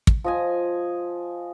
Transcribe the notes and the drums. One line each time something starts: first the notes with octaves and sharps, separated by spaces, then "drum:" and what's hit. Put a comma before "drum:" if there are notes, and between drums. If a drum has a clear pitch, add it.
drum: kick
F3 D#5 G#5